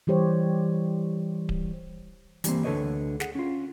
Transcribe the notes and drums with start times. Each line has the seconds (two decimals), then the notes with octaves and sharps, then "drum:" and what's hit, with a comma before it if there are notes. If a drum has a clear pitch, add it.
0.07 E3 G3 G4 C5 C#5
1.49 drum: kick D1
2.44 E3 G3 A3 A#3 C4, drum: hi-hat
2.64 D2 D3 A4 B4 C#5 D#5
3.20 G#4 F#5, drum: snare
3.35 C#4 F4